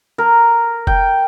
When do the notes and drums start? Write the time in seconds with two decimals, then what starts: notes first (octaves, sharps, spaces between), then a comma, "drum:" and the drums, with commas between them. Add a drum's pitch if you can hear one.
0.18 A#4
0.87 G5, drum: kick F1